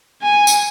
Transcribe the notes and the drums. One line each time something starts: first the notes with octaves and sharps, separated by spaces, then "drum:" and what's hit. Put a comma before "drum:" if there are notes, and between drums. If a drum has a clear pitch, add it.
G#5
drum: tambourine